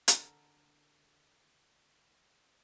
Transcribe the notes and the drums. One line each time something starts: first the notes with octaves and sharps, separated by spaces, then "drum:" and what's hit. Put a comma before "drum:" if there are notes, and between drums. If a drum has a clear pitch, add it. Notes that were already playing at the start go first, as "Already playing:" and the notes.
D3 A4 A#4, drum: hi-hat